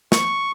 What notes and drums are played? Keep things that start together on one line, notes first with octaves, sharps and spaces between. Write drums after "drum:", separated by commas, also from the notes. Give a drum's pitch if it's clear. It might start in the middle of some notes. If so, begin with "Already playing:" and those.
C#6, drum: snare